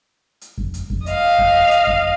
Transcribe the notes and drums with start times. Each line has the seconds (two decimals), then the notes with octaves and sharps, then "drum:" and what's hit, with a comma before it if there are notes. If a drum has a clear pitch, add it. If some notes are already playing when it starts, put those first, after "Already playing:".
0.41 drum: hi-hat
0.58 drum: kick F2
0.74 drum: hi-hat
0.90 drum: kick F2
1.06 D#5 F5, drum: hi-hat
1.38 drum: kick F2
1.71 drum: hi-hat
1.87 drum: kick F2